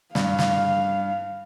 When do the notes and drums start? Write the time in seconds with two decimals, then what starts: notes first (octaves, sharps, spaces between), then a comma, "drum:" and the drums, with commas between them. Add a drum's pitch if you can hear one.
0.15 G2 F5, drum: snare
0.39 drum: snare